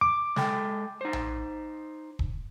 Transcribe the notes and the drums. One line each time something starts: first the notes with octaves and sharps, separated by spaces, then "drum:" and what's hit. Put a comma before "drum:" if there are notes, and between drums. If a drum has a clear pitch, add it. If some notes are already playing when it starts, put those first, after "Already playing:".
D6
G#3 A4 G5, drum: snare
D#4 C5
drum: tom A#1
drum: kick